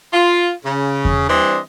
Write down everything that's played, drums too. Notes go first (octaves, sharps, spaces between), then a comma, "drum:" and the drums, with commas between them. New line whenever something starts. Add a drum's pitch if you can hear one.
F4
C#3
drum: kick E2
E3 G3 C4 D4 D#5